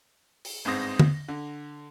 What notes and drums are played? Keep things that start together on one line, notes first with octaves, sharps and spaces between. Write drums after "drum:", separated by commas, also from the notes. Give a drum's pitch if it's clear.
drum: open hi-hat
G1 G#2 C4 D#6 A#6
drum: tom D3
D3